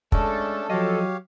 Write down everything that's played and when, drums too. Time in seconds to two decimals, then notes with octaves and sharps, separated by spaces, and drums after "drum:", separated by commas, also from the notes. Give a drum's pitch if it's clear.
0.12 G#3 A3 C#4 D4 A4, drum: kick
0.70 F3 F#3 G4 C#5 D#5 F5